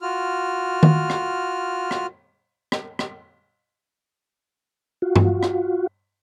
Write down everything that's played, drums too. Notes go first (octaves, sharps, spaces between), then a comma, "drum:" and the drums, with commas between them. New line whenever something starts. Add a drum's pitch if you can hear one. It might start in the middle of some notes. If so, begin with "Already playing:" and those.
F4 F#4 F6
drum: tom D#3
drum: rim click
drum: rim click
drum: rim click
drum: rim click
F4 F#4
drum: tom G2
drum: rim click